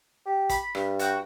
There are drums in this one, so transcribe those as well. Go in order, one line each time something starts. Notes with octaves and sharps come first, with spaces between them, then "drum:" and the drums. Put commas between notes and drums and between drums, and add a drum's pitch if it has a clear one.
G4
B5, drum: kick, hi-hat
G2, drum: rim click
F#4 F#5 G5, drum: hi-hat